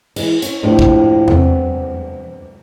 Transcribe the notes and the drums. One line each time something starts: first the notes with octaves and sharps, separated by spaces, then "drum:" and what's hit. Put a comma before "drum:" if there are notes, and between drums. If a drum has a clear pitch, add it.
E3 G#3 E4, drum: cymbal
C#4, drum: hi-hat
D#2 A2 F3 D4 G4 B4
drum: kick
B3 C4, drum: tom E2